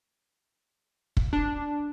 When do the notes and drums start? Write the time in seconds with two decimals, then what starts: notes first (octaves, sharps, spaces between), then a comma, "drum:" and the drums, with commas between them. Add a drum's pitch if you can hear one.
1.17 drum: kick
1.33 D4